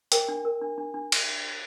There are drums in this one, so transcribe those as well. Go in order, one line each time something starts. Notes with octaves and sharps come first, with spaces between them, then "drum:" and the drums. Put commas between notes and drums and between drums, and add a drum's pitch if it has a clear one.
A#4 G5, drum: hi-hat
D4
A#4
D4
D4
D4
drum: cymbal